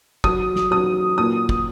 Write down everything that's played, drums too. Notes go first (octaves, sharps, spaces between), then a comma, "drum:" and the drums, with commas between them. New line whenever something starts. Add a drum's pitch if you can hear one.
F#3 D#6, drum: kick
drum: snare
F#3 D#6
A#2 D#6
drum: kick